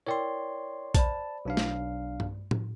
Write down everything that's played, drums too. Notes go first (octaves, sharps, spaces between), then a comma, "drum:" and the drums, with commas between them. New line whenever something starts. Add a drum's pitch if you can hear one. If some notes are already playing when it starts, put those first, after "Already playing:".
E4 A#4 C#5 D5 G5 C6
C5 D5 A5 B5, drum: kick A#1, hi-hat
B1 D4 F5
drum: snare
drum: tom G2
drum: tom A2